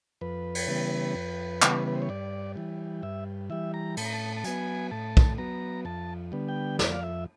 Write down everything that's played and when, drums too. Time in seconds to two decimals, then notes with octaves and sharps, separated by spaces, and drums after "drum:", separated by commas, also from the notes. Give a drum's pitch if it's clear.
0.21 F2 B4
0.55 drum: cymbal
0.68 C#3 E3 G3 B3
1.15 F2
1.62 C#3 E3 G3 B3, drum: clap
1.87 B4
1.95 C5
2.02 C#5
2.09 G2 D5
2.56 E3 G3
3.03 G2 E5
3.50 E3 G3 E5
3.74 A#5
3.97 A2 A5, drum: cymbal
4.06 A#5
4.13 A5
4.37 A5
4.44 F#3 B3 G#5, drum: hi-hat
4.91 A2 A5
5.17 drum: kick
5.38 F#3 B3 A#5
5.85 F2 A5
6.32 D3 G3 B3
6.48 G5
6.79 F2 D5, drum: snare
6.92 F5
7.03 E5